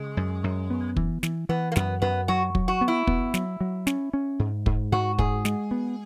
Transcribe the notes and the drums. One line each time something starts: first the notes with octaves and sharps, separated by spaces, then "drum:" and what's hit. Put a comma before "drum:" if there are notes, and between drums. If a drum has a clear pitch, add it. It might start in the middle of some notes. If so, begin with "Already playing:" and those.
Already playing: C#3 G#3
F#2
F#2
B3
E3, drum: kick
E3, drum: snare
E3 B3
A#3
F#2 B3, drum: snare
F#2 B3
F#3 F#4
F#3, drum: kick
F#4
B3
E4
B3, drum: kick
F#3, drum: snare
F#3
C#4, drum: snare
C#4
G#2
G#2, drum: kick
G#2 F#4
G#2 G#4, drum: kick
G#3, drum: snare
B3